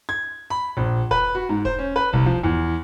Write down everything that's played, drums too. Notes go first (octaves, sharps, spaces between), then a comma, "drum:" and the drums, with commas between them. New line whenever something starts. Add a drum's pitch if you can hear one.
G#6
B5
A#1
B4, drum: kick E1
F#4
G#2
C5, drum: kick E1
C#4
B4
C2, drum: kick E1
F3
E2